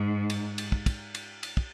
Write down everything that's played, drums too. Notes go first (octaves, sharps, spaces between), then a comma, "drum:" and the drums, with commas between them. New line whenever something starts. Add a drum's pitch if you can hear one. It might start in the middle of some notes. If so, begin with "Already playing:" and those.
Already playing: G#2
drum: cymbal
drum: cymbal
drum: kick
drum: kick, cymbal
drum: cymbal
drum: cymbal
drum: kick